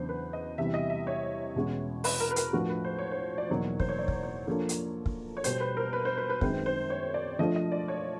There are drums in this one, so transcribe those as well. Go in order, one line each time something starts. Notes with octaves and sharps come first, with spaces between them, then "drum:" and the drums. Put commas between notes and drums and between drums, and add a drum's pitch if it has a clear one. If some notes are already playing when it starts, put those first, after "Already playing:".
Already playing: E2 C#3 F#3 B3 D4 C5
B4
D#5
E2 C3 E3 G3 E5
D#5
E5
C#5
E2 B2 G#3 C#4 F#4
B4, drum: open hi-hat
A#4
B4
A#4, drum: hi-hat
A2 F3 A3 D4 F#4
B4
C5
C#5
C5
D5
E2 B2 F#3 A#3 D#4 C#5
C5, drum: kick
C#5
D5
drum: kick
C#5
F3 A#3 D4 F4 A4
drum: hi-hat
drum: kick
C#5
B2 G3 B3 C5, drum: hi-hat
B4
A#4
B4
C5
B4
B4
F#2 D#3 G#3 C4 C5, drum: kick
C5
C#5
D5
F3 A3 D4 F4 A4 D#5
D#5
D5
C#5